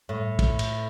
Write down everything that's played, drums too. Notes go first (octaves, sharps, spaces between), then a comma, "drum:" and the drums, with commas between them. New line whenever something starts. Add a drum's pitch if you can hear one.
A2
drum: kick, cymbal
drum: cymbal